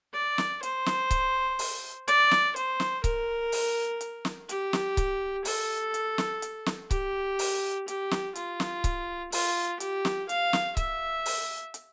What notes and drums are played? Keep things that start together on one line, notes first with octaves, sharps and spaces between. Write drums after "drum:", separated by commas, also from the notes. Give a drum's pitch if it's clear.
D5
drum: snare
C5, drum: hi-hat
drum: snare
drum: kick C#1, hi-hat
drum: open hi-hat
D5, drum: hi-hat
drum: snare
C5, drum: hi-hat
drum: snare
A#4, drum: kick C#1, hi-hat
drum: open hi-hat
drum: hi-hat
drum: snare
G4, drum: hi-hat
drum: snare
drum: kick C#1, hi-hat
A4, drum: open hi-hat
drum: hi-hat
drum: snare
drum: hi-hat
drum: snare
G4, drum: kick C#1, hi-hat
drum: open hi-hat
G4, drum: hi-hat
drum: snare
F4, drum: hi-hat
drum: snare
drum: kick C#1, hi-hat
F4, drum: open hi-hat
G4, drum: hi-hat
drum: snare
F5, drum: hi-hat
drum: snare
E5, drum: kick C#1, hi-hat
drum: open hi-hat
drum: hi-hat